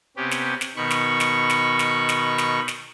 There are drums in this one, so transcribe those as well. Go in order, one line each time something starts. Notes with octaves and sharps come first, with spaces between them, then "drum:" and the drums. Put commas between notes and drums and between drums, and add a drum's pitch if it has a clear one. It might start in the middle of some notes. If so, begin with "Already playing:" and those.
C3 B3 C#4 G4
drum: snare
drum: snare
B2 D#3 B5 C#6
drum: snare
drum: snare
drum: snare
drum: snare
drum: snare
drum: snare
drum: snare